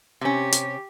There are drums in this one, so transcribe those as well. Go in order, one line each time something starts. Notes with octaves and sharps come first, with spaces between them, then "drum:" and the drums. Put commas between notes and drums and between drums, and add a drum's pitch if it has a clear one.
C3 C#4 G4
drum: hi-hat